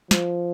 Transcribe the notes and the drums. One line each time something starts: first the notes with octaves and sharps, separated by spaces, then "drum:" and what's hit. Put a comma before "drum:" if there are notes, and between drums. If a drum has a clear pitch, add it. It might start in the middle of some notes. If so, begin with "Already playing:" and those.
F3, drum: snare